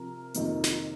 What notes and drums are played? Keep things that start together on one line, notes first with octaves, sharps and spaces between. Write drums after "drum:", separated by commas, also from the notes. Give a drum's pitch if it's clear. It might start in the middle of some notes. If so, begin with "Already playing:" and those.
Already playing: C3 F3 A#4
F2 C3 D#3 A#3, drum: hi-hat
drum: snare